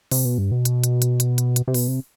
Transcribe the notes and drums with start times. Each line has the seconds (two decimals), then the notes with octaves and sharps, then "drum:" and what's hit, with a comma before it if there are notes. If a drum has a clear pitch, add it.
0.11 C3, drum: open hi-hat
0.25 B2
0.38 G2
0.52 B2
0.65 drum: hi-hat
0.84 drum: hi-hat
1.02 drum: hi-hat
1.20 drum: hi-hat
1.38 drum: hi-hat
1.56 drum: hi-hat
1.68 C3
1.74 B2, drum: open hi-hat
1.88 C3